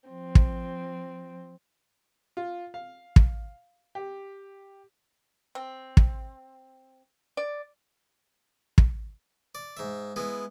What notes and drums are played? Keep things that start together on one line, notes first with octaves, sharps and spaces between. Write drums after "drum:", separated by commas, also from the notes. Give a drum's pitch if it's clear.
F3 C4
drum: kick
F4
F5
drum: kick
G4
C4
drum: kick
D5
drum: kick
D5
G#2 E5
G#3 B3 E4